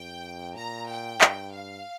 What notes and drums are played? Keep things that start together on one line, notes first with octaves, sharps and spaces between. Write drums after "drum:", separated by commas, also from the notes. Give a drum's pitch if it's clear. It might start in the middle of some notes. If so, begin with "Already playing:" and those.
Already playing: F2 G5
A#2 A#5
G5
G2, drum: clap
F5